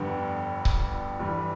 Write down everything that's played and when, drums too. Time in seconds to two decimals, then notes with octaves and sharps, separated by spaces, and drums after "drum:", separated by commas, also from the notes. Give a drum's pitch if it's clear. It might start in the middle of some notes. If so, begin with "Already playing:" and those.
Already playing: G1 F2 D3 G3 B3
0.65 drum: kick C#1
1.19 G1 G2 E3 G3